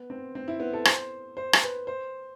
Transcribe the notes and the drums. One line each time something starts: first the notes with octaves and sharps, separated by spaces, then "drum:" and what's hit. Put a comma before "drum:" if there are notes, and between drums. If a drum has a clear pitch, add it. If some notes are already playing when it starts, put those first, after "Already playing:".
Already playing: B3
C4
C4
E4
B3
A4
C5, drum: rim click
C5
drum: rim click
B4
C5